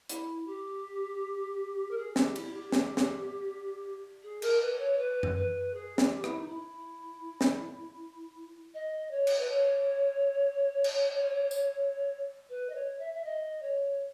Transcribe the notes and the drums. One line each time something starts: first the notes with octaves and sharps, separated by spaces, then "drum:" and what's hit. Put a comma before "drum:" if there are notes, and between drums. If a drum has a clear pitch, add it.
E4, drum: hi-hat
G4
A#4
G#4
G4, drum: snare
E4, drum: cymbal
E4
G4
G4, drum: snare
drum: snare
G#4
A#4, drum: cymbal
B4
C#5
B4
drum: tom F#2
B4
G#4
G4, drum: snare
E4, drum: rim click
D#4
E4
drum: snare
D#5
C#5
drum: cymbal
B4
C#5
drum: cymbal
drum: tambourine
B4
D#5
C#5
E5
E5
D#5
C#5